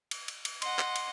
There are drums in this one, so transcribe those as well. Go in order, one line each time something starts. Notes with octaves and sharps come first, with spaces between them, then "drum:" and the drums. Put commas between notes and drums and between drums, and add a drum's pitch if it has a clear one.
drum: cymbal
drum: cymbal
drum: cymbal
D#5 F#5 C6, drum: cymbal
drum: clap
drum: cymbal